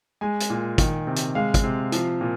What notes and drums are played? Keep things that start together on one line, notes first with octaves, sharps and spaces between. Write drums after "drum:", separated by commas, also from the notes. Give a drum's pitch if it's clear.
G#3 G#5
drum: hi-hat
A#2
D#3, drum: kick, hi-hat
C3
drum: hi-hat
G#3 F5
drum: kick, hi-hat
C3
F3, drum: hi-hat
A#2